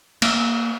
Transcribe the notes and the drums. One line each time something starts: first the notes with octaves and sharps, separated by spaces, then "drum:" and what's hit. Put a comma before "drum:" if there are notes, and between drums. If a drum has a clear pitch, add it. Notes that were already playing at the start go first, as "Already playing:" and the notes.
A#3, drum: cymbal